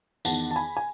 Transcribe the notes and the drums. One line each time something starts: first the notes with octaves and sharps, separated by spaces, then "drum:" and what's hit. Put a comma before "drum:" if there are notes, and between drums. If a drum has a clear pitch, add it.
E2 D#3 F#5 A5, drum: tambourine
A5
G#5 B5
G#5